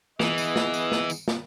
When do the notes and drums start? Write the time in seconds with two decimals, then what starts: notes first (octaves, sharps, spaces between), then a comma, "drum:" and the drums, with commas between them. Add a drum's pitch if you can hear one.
0.20 E3 B3 G#4 D#5, drum: snare
0.38 drum: tambourine
0.56 drum: snare
0.74 drum: tambourine
0.92 drum: snare
1.10 drum: tambourine
1.28 drum: snare